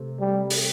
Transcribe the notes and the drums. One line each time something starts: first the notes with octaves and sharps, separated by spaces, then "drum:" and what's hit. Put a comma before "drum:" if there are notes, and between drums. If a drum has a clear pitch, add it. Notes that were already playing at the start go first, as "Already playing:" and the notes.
Already playing: C3 A3 C4
G3
drum: open hi-hat